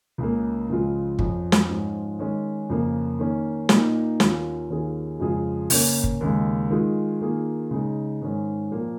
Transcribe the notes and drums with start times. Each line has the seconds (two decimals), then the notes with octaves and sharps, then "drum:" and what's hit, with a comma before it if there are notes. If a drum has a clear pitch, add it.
0.18 C#2 C#3 A#3
0.69 C#2 C#3 F3 G#3 F4
1.19 F2 F3 C#4, drum: kick
1.52 drum: snare
1.69 G#2 F3 C#4 F4
2.19 D#3 G#3 C#4
2.70 F2 C#3 A#3
3.19 D#3 A#3 C#4
3.69 A#2 A#3 D#4, drum: snare
4.20 D#2 D#3 C#4 F4, drum: snare
4.70 D#2 D#3 C#4 F4 G#4
5.20 F2 C#3 G#3 F4 G#4
5.70 C#3 A#3 C#4, drum: open hi-hat
6.04 drum: kick
6.21 D#2 C#3 G#3
6.70 D#3 G#3 F4 G#4
7.21 D#3 A#3 F4 G#4
7.71 C#3 G#3 D#4 G#4
8.21 G#2 D#3 G#3 C#4
8.71 A#2 F3 A#3